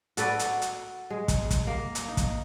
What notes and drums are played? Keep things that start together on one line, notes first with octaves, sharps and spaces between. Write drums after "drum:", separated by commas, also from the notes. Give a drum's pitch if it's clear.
F#4 A4 B4 D5, drum: hi-hat
drum: hi-hat
drum: hi-hat
G#3
drum: kick, hi-hat
drum: kick, hi-hat
A#3
drum: hi-hat
D#4
drum: kick, hi-hat